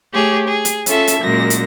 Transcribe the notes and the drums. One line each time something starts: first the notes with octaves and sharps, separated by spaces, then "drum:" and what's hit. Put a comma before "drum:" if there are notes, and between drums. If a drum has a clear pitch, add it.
A3 G4 G#4 C#5
G#4
drum: hi-hat
C#4 F4 A4 E5 A5, drum: hi-hat
drum: hi-hat
F#2 A#2 G#3 A#6
drum: hi-hat